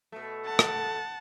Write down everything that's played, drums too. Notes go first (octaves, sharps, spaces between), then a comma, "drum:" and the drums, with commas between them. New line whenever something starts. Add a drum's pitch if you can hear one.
B2 A3
F#5 A5
drum: rim click